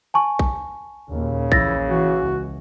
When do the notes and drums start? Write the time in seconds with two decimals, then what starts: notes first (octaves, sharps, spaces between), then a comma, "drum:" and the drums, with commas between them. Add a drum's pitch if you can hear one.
0.14 G#5 A5 C#6
0.39 drum: kick A#1
1.10 D#2 A#2 C#3
1.52 A#1 E3 E4 A6 A#6, drum: kick A#1
1.89 E3 F#4
2.21 C#2